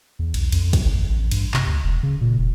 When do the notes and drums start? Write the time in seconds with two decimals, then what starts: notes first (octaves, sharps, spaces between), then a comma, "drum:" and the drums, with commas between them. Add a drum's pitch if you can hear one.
0.19 E2
0.34 B1, drum: cymbal
0.52 F2, drum: cymbal
0.73 drum: kick, cymbal
0.84 G#1
1.09 A1
1.31 G2, drum: cymbal
1.54 C3, drum: clap
1.67 D2
1.84 E1
2.03 C#3
2.21 A#2
2.38 E1